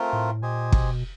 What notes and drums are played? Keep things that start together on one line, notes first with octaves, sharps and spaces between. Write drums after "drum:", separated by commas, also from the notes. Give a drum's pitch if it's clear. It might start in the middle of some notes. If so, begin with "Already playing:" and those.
Already playing: A3 C4 F4 A#4
A2
A#2 G4 C5 D#5 G#5
B2, drum: kick